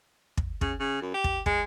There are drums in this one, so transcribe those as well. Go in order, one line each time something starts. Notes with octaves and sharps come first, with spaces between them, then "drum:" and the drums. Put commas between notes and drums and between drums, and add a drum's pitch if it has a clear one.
drum: kick
C#3, drum: kick
C#3
F#2
G4
drum: kick
G#3, drum: kick